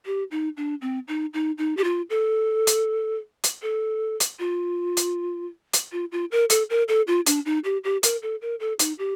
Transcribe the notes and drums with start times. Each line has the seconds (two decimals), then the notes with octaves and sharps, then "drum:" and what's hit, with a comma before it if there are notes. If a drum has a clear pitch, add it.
0.06 G4
0.31 D#4
0.57 D4
0.81 C4
1.08 D#4
1.34 D#4
1.58 D#4
1.77 G4
1.84 F4
2.10 A4
2.67 drum: hi-hat
3.44 drum: hi-hat
3.62 A4
4.20 drum: hi-hat
4.39 F4
4.97 drum: hi-hat
5.73 drum: hi-hat
5.92 F4
6.12 F4
6.31 A#4
6.50 A4, drum: hi-hat
6.70 A#4
6.88 A4
7.07 F4
7.26 D4, drum: hi-hat
7.46 D#4
7.64 G4
7.84 G4
8.03 A#4, drum: hi-hat
8.22 A4
8.42 A#4
8.60 A4
8.79 D#4, drum: hi-hat
8.99 G4